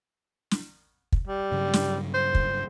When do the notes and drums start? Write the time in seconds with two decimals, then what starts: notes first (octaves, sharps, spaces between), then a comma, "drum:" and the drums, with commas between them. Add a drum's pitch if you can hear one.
0.51 drum: snare
1.12 drum: kick
1.27 G3
1.52 G2 C#3 F#3
1.74 drum: snare
2.14 C5
2.35 drum: kick